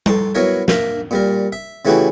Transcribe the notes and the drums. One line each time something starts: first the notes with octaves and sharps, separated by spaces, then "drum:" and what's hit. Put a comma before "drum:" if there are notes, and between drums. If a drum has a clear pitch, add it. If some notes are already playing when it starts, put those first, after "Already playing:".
A4 C6 C#6, drum: tom G3
F#3 B3 E4 A#4 C#5
A#3 A#4 E5, drum: snare
A#2 G3 A#4
E5
C#3 E3 A3 E4 F#4 G4